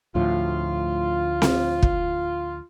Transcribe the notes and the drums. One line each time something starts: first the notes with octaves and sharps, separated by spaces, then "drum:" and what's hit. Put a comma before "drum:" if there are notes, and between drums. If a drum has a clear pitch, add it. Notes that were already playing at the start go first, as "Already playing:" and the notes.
D2 A2 F3 F4
drum: snare C4
drum: kick